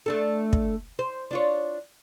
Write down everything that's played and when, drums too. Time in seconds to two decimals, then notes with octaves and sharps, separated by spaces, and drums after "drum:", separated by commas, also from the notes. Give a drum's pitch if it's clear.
0.06 A3 D4 A4
0.53 drum: kick
0.99 C5
1.31 D4 F4 C#5